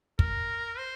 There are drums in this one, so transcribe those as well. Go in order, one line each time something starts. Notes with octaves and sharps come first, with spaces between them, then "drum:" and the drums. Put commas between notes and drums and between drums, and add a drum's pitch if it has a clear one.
A#4, drum: kick
C5